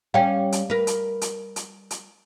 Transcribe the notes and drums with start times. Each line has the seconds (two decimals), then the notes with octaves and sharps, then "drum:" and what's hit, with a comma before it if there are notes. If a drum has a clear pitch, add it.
0.14 G3 C#4 F5 G5
0.52 drum: hi-hat
0.70 A#4 B4
0.87 drum: hi-hat
1.21 drum: hi-hat
1.56 drum: hi-hat
1.91 drum: hi-hat